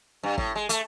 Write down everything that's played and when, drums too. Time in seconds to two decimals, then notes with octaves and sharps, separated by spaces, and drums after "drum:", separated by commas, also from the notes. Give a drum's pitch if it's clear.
0.23 G2
0.38 A2, drum: kick
0.55 G#3
0.69 A3, drum: hi-hat